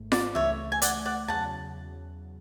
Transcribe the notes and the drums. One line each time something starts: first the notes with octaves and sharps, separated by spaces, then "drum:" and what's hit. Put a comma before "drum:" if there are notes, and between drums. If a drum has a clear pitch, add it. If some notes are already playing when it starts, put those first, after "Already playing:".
Already playing: G#1 G#2 A3
D5, drum: snare F4
C#2 C#3 E3 A3 C#5 E5
G#5
D5 F#5, drum: hi-hat
D5 F#5
E2 C#3 F#3 F#5 A5